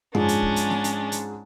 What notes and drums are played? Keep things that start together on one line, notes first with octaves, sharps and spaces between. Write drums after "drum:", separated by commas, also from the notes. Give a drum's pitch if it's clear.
G#2 F3 G#3 C#4 D4, drum: tom F#2
drum: hi-hat
drum: kick
drum: hi-hat
drum: snare
drum: hi-hat
drum: hi-hat